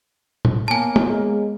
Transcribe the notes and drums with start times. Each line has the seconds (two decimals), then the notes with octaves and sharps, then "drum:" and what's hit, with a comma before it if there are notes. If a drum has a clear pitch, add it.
0.45 drum: tom
0.68 A#3 B3 C#5 G#5 A5
0.96 drum: tom
1.07 G#3